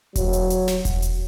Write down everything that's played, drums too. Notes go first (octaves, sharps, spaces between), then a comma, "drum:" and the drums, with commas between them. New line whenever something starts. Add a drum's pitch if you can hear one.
F#3, drum: kick E1, hi-hat
drum: hi-hat
drum: hi-hat
drum: snare
drum: kick E1, hi-hat
drum: hi-hat